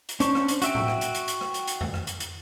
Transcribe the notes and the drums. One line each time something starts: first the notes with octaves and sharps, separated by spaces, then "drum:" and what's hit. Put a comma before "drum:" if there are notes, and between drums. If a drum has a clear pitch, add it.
drum: hi-hat
C#4 D4 C5 C#6, drum: hi-hat
drum: rim click
drum: hi-hat
F#4 E5 G5, drum: hi-hat
drum: tom A2
drum: rim click
drum: hi-hat
drum: hi-hat
drum: hi-hat
drum: rim click
drum: hi-hat
drum: hi-hat
drum: tom F2
drum: rim click
drum: hi-hat
drum: hi-hat